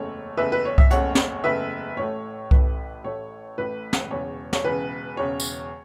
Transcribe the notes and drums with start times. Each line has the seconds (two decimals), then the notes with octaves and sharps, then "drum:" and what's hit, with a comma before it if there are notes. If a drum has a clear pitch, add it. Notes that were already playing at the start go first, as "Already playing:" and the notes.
Already playing: F#1 E2 C#3 A3 C#5
0.37 F#1 E2 C#3 A3 B4 E5
0.52 B4
0.65 C#5
0.78 E5, drum: kick C2
0.91 F#1 E2 C#3 A3 C#5 F#5, drum: hi-hat
1.15 drum: snare
1.44 F#1 E2 C#3 A3 B4 E5
1.97 A1 A2 A3 C#5
2.51 A1 A2 A3 B4, drum: kick C2
3.04 A1 A2 A3 C#5
3.58 A1 A2 A3 B4
3.93 drum: snare
4.11 E1 E2 C#3 C#5
4.53 C#5, drum: snare
4.64 E1 E2 C#3 B4
5.17 E1 E2 C#3 C#5
5.40 drum: tambourine